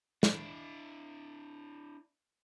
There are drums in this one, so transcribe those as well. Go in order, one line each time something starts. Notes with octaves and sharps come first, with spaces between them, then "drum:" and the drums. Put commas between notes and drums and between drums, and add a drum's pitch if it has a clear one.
D4 E4, drum: snare